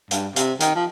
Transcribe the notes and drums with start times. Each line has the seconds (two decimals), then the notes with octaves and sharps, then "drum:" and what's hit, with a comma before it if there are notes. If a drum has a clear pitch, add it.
0.11 G2, drum: hi-hat
0.36 C3, drum: hi-hat
0.60 D#3, drum: hi-hat
0.76 F3